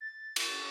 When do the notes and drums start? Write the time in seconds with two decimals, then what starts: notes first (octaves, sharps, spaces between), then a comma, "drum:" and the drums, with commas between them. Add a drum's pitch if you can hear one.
0.01 A6
0.36 drum: cymbal